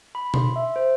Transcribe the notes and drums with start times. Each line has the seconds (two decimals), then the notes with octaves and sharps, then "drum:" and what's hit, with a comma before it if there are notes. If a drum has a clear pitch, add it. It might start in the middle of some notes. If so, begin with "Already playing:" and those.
0.15 B5
0.34 C6, drum: tom B2
0.56 E5
0.76 C5